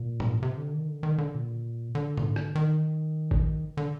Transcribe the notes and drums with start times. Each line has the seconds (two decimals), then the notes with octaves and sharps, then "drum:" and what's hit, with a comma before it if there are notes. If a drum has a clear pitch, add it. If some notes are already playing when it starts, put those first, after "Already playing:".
Already playing: A#2
0.20 drum: tom G#2
0.43 C3
0.57 D3
0.73 D#3
0.88 D3
1.03 D#3
1.18 D3
1.35 A#2
1.95 D3
2.17 drum: tom G#2
2.36 drum: rim click
2.55 D#3
3.31 drum: kick
3.77 D3